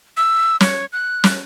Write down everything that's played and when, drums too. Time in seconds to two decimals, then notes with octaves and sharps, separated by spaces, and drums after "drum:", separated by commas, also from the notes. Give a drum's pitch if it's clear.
0.17 E6
0.61 C#5, drum: snare
0.93 F#6
1.24 drum: snare